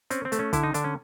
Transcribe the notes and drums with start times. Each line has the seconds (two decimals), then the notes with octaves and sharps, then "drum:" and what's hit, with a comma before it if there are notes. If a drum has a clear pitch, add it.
0.10 C4 C#4, drum: hi-hat
0.25 C4
0.32 A3, drum: hi-hat
0.39 C#4
0.53 D3 E4, drum: kick, hi-hat
0.63 D#4
0.74 D3 D4, drum: hi-hat
0.84 C#4